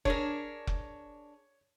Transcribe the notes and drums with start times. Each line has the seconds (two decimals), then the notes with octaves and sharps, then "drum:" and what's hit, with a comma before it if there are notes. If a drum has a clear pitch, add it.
0.05 D4 G#4 A#4 C#5, drum: kick F1
0.67 drum: kick F1